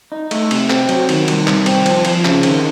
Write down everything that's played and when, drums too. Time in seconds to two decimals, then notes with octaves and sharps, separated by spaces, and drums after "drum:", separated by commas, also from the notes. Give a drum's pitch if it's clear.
0.12 D#4
0.31 A3, drum: cymbal
0.51 C3, drum: cymbal
0.70 C4, drum: clap
0.89 F#3, drum: cymbal
1.09 D#3, drum: cymbal
1.28 C2, drum: cymbal
1.47 C2, drum: clap
1.66 C4, drum: cymbal
1.86 F3, drum: cymbal
2.05 F3, drum: cymbal
2.25 C#3, drum: clap
2.43 D#3, drum: cymbal